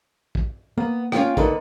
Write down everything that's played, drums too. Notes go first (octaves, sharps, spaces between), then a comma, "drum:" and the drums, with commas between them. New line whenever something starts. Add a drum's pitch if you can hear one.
drum: kick
A#3 B3
C#4 F4 G5, drum: rim click
D3 D#3 B4, drum: kick